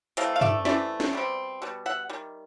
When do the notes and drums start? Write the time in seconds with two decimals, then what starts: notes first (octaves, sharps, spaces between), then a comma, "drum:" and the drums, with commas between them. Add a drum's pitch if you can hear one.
0.17 C3 E3 A3 D#5 F5, drum: hi-hat
0.36 F5
0.41 D5 E5, drum: tom F#2
0.65 C3 E3 A3 D5 E5, drum: snare
1.00 drum: snare
1.13 B2 G3 C4
1.62 B2 G3
1.86 E5 F#5
2.10 D#3 G3